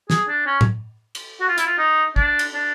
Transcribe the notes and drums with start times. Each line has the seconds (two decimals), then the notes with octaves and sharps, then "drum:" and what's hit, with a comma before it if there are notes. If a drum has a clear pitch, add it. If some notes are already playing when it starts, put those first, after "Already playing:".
0.10 G#4, drum: snare
0.28 D4
0.46 C#4
0.61 drum: tom
1.15 drum: cymbal
1.41 F#4
1.49 F4
1.58 E4, drum: hi-hat
1.66 F4
1.78 D#4
2.16 D4, drum: kick
2.39 drum: cymbal
2.54 D4